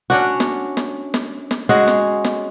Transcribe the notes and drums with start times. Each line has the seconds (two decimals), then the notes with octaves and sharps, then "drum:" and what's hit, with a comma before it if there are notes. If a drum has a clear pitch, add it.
0.10 C#4 D4 F#4
0.40 drum: snare
0.77 drum: snare
1.14 drum: snare
1.51 drum: snare
1.69 G#3 C#4 F#4 G#4
1.88 drum: snare
2.24 drum: snare